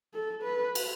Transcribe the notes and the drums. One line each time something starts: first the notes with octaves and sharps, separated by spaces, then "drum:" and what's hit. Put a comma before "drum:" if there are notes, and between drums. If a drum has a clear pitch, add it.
A4
B4
drum: cymbal